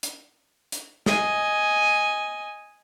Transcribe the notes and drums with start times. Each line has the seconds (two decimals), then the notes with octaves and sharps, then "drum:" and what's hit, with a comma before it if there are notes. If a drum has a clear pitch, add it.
0.03 drum: hi-hat
0.72 drum: hi-hat
1.06 D#5 G#5, drum: snare